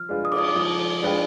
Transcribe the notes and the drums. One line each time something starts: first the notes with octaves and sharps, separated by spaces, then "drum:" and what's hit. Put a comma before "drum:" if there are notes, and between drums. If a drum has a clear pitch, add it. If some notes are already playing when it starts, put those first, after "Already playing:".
Already playing: F3 F6
G#3 D4 F4 B4
D#6
D6, drum: cymbal
D#6
D6
F3 D#6
G#3 D4 F4 B4 G5